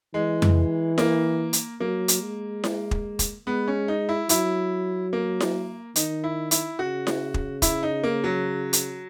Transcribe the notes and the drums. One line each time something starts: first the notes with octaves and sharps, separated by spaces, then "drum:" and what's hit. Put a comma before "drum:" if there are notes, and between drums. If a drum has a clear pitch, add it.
E3 G#3
drum: tom F2
A#3, drum: snare E4
drum: hi-hat
F#3 A#3
drum: hi-hat
G#3
drum: snare E4
drum: kick
drum: kick, hi-hat
G#3 B3
C#4
D#4
E4
F#3 E4, drum: hi-hat
A#3
drum: snare E4
D#3 D#4, drum: hi-hat
E4
E4, drum: hi-hat
C#3 F#4
drum: snare E4
drum: kick
E4, drum: kick, hi-hat
D#4
A#3
F#3
drum: hi-hat